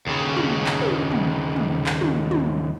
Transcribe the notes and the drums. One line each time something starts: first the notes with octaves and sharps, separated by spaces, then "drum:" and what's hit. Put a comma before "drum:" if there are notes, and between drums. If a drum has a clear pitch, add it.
D#2 C#3
drum: tom
drum: clap
drum: tom
drum: tom
drum: tom
drum: clap
drum: tom
drum: tom